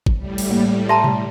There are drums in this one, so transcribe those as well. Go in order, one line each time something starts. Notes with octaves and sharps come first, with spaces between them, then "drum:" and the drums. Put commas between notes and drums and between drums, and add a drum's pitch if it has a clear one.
drum: kick G#1
A2 G3
drum: cymbal
A#3
E5 A5 A#5 C6
drum: tom B2